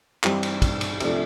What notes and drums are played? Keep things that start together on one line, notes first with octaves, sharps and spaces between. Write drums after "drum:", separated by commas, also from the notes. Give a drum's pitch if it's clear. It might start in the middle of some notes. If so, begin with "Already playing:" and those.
G2 E3 G3 C4 G4, drum: clap
drum: cymbal
drum: kick, cymbal
drum: cymbal
C2 C3 F3 A3 D4, drum: cymbal